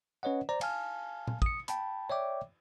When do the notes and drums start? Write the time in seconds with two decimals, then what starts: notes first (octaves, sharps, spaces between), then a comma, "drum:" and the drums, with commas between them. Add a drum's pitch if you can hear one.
0.23 C#4 B4 C#5 D#5 F#5
0.49 C5 D5 A#5
0.61 F5 G#5 A5 F6, drum: cymbal
1.27 drum: tom
1.42 D#6 C#7, drum: kick
1.68 G5 A5 B5, drum: hi-hat
2.09 C#5 D5 E5 G5 D6